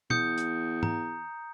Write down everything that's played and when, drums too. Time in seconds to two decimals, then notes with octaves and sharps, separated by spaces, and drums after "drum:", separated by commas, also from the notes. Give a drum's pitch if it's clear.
0.10 E2 D#6 G6 C#7, drum: tom
0.38 drum: hi-hat
0.83 A#5, drum: tom G#2